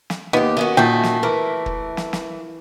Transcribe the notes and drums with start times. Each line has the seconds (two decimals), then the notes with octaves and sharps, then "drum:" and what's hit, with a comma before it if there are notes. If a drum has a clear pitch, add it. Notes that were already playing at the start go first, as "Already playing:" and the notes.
0.10 drum: snare
0.33 D#2 B3 D#4 G4
0.57 D#3 C#4 F#4
0.77 A#2 A3 G5
1.04 drum: snare
1.23 E3 A#4
1.66 drum: kick
1.97 drum: snare
2.13 drum: snare